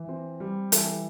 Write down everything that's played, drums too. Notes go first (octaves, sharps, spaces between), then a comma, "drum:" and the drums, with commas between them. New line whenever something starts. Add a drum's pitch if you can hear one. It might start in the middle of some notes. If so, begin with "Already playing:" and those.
Already playing: E3
C4
G3
E3 A4, drum: hi-hat